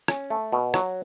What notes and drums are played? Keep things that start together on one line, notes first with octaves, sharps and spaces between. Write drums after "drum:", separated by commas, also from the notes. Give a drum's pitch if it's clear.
C#4, drum: rim click
A3
B2
F#3, drum: rim click